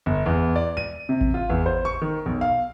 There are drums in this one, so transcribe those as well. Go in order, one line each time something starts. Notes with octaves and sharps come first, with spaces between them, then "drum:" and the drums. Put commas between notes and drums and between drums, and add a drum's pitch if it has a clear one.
G1
E2
D5
D#7
C3
drum: kick A1
F4
E2
C5
C#6
D#3
B1
F5